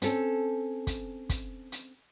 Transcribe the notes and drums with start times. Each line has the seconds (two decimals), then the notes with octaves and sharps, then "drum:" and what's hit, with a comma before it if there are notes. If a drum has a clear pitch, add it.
0.02 C4 C#4 A4, drum: hi-hat
0.87 drum: kick, hi-hat
1.29 drum: kick, hi-hat
1.72 drum: hi-hat